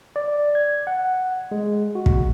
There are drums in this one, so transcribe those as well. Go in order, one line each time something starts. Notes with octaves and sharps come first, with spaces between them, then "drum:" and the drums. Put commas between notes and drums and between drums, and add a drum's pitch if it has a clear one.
D5
G#6
F#5
G#3
F#4
drum: kick